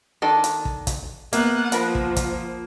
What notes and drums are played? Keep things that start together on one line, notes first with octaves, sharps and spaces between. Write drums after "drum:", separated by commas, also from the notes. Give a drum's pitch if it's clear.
D#3 D4 A4
drum: hi-hat
drum: kick
drum: kick, hi-hat
A#3 B3 E5 F#5, drum: hi-hat
F3 B3 A#4 B5, drum: hi-hat
drum: kick
drum: kick, hi-hat